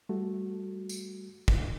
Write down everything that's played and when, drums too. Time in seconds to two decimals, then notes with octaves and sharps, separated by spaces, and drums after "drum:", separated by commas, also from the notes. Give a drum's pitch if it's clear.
0.09 G3 A3 F#4
0.89 drum: tambourine
1.48 drum: kick